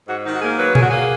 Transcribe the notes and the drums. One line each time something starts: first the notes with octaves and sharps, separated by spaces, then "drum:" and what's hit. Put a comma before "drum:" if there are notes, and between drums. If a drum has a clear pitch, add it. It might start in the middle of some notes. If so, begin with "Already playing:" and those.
G#2 F#4
D#3 D#4
F#4
A#3 G#4
F#3 B4
A#2 G#4, drum: tom B2
F#4
A#3 G#4